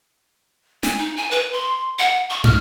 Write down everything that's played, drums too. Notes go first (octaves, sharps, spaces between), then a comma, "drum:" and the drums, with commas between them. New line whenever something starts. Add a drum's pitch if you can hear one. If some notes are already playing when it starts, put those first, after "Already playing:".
G#5, drum: snare
D#4
G#5
B4
C6
F#5
C#6
F6, drum: tom